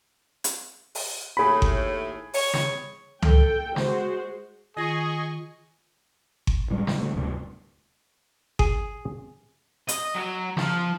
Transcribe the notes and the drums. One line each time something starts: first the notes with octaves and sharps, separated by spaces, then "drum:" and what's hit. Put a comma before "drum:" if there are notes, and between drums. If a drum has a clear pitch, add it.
drum: hi-hat
drum: open hi-hat
D#2 A2 G#4 B5
drum: kick G1
C#5, drum: open hi-hat
drum: snare
A4 G5, drum: tom C#2
G#3 F#4 C5, drum: snare
D#3 F4 G#4 D#5 G#5 C#6 A#6
drum: kick G1
A2 G3 G#3
drum: snare
D3 A3
D1 D2 G2 C3
G#4, drum: kick G1
D#5, drum: hi-hat
F#3
F3, drum: snare